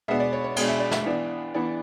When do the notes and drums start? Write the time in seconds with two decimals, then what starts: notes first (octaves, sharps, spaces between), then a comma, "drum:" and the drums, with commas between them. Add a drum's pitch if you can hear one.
0.08 B2 G#3 B3 D4 E5
0.20 D5
0.33 C#5
0.44 C#5
0.56 B2 G#3 B3 D4 F#5, drum: cymbal
0.69 E5
0.80 D5
0.91 E5, drum: snare
1.06 E3 B3 D4
1.54 E3 B3 D4 D5